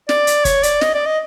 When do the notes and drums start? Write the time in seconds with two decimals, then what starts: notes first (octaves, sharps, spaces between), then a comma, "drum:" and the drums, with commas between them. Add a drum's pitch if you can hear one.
0.09 D5, drum: snare
0.27 drum: hi-hat
0.45 C#5, drum: kick, hi-hat
0.63 D5, drum: hi-hat
0.81 D#5, drum: snare
0.94 D5
1.06 D#5